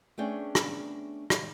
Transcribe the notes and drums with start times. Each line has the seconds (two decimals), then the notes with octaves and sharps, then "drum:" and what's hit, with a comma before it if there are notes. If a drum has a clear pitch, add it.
0.18 A3 B3 C#4 D4 G#4 G5
0.55 drum: rim click
1.30 drum: rim click